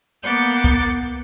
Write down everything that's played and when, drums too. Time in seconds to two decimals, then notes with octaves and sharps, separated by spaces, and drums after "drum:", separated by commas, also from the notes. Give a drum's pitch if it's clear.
0.23 A#3 B3 F#5 D6 G6 A6
0.64 drum: kick C#2